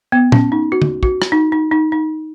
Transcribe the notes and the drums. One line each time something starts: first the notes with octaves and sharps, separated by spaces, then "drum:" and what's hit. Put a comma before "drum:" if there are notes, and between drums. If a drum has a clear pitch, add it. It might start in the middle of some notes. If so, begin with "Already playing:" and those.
B3
C#4, drum: tom A#2
D#4
F#4
drum: tom
F#4, drum: kick
drum: rim click
D#4
D#4
D#4
D#4